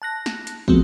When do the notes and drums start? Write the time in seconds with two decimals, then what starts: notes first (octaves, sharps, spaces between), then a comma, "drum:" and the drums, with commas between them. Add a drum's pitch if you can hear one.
0.02 A5 F#6 A#6
0.26 drum: snare
0.47 drum: hi-hat
0.68 F3 G#3 A3 B3 C4 F#4, drum: kick